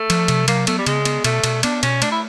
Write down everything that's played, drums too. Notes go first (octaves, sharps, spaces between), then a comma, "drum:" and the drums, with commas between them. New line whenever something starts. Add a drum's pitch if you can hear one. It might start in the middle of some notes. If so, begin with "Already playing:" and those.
Already playing: A3
F3, drum: cymbal
C3, drum: cymbal
F#3 A#3, drum: cymbal
A3 B3, drum: cymbal
G3
C#3 G#3, drum: cymbal
B3, drum: cymbal
B2 A3, drum: cymbal
B2, drum: cymbal
B3 D4, drum: cymbal
B2 C#4, drum: cymbal
A3 D4, drum: cymbal
E4